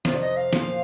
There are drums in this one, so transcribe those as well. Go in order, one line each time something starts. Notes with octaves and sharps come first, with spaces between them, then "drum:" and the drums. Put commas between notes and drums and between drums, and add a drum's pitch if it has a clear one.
F2 C3 D#3 F4, drum: snare
D5
D#5
F5
A#2 F3 C4 F4, drum: snare